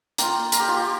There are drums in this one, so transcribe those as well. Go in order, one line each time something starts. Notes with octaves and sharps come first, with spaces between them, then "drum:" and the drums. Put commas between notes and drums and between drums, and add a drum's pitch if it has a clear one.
A#3 F4 G5, drum: hi-hat
A#4, drum: hi-hat
G4
F4
G4